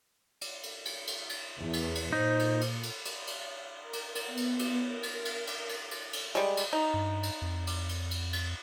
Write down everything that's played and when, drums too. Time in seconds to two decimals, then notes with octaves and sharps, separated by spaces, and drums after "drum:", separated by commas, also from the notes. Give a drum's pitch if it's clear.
0.41 drum: cymbal
0.63 drum: cymbal
0.85 drum: cymbal
1.07 drum: cymbal
1.29 drum: cymbal
1.58 E2
1.73 drum: cymbal
1.95 drum: cymbal
2.13 A#2 D#4 C5
2.39 drum: cymbal
2.61 drum: cymbal
2.83 drum: cymbal
3.05 drum: cymbal
3.27 drum: cymbal
3.79 A#4
3.93 drum: cymbal
4.15 drum: cymbal
4.26 B3
4.37 drum: cymbal
4.59 drum: cymbal
4.85 A#4
5.03 drum: cymbal
5.25 drum: cymbal
5.47 drum: cymbal
5.69 drum: cymbal
5.91 drum: cymbal
6.13 drum: cymbal
6.35 G3 G#3, drum: cymbal
6.57 drum: cymbal
6.73 D#4
6.94 G2
7.23 drum: cymbal
7.42 F2
7.67 drum: cymbal
7.89 drum: cymbal
8.11 drum: cymbal
8.33 drum: cymbal